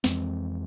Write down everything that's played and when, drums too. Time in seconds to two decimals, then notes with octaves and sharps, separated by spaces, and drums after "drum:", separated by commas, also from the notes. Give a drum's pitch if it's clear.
0.04 F2 E3 G#3 C4, drum: snare